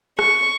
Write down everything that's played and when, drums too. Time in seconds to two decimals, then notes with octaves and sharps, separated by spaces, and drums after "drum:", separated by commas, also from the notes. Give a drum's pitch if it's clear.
0.19 C#6, drum: rim click